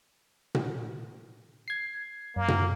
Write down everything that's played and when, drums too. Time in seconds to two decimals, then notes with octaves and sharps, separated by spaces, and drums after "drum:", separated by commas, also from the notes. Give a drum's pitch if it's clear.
0.55 drum: tom A#2
1.68 G#6 C7
2.36 F#2 A#3
2.48 drum: tom A#2